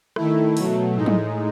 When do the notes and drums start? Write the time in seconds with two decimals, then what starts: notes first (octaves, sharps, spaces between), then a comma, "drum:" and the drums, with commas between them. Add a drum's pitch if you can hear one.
0.16 D#3 A3 E4, drum: rim click
0.57 B2 F#3 A3, drum: open hi-hat
0.96 A2 G#3 D#4
1.06 drum: tom